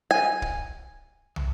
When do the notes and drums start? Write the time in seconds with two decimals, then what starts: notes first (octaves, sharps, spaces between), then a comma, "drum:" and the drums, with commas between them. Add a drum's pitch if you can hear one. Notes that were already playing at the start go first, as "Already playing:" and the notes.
0.11 G#5
0.42 drum: kick
1.36 drum: tom